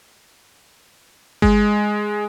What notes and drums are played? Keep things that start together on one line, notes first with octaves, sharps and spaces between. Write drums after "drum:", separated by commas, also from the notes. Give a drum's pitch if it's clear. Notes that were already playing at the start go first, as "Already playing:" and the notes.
G#3, drum: kick G1